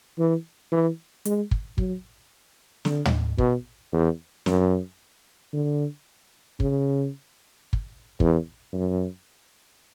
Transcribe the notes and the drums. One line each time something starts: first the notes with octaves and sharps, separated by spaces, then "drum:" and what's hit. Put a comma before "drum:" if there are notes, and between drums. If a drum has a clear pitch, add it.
E3
E3
G#3, drum: hi-hat
drum: kick
F#3, drum: kick
D3, drum: snare
drum: tom
B2, drum: kick
E2
F#2, drum: snare
D3
C#3, drum: kick
drum: kick
E2, drum: kick
F#2